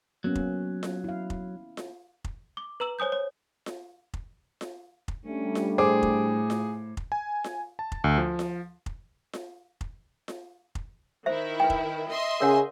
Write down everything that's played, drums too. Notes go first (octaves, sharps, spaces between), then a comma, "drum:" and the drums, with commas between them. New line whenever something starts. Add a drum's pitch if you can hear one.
F#3 A#3 B3 C#4
drum: kick F1
drum: snare F4
E4 F5
drum: kick F1
drum: snare F4
drum: kick F1
D6
B4 A#5 E6 F#7
C5 C#5 G#5 D#6 G6
C#5
drum: snare F4
drum: kick F1
drum: snare F4
drum: kick F1
G3 A3 C#4 D4
drum: snare F4
A2 G#4 C5 D6
drum: kick F1
drum: snare F4
drum: kick F1
G#5
drum: snare F4
A5
drum: kick F1
D2
F3
drum: snare F4
drum: kick F1
drum: snare F4
drum: kick F1
drum: snare F4
drum: kick F1
D#3 E4 C5 E5
B4 G5
drum: kick F1
D#5 E5 C6
C#3 C#4 G#4 A#4 C#5 F#5